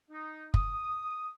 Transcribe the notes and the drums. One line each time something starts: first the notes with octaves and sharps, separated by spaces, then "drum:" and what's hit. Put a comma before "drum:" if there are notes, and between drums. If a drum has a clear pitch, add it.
D#4
D#6, drum: kick F#1